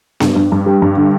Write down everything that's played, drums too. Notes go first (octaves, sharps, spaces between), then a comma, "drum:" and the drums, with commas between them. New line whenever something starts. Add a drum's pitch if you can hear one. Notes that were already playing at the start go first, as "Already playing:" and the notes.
G2, drum: snare B3
G2
G2
G3
G2
D3